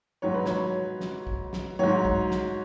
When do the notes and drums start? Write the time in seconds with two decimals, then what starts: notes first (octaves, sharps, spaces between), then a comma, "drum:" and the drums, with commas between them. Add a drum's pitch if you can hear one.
0.22 G#2 F#3 C#5
0.34 B4
0.46 C#5, drum: snare
1.01 drum: snare
1.27 drum: kick
1.53 drum: snare
1.79 G#2 F#3 C#5
2.05 drum: kick
2.31 drum: snare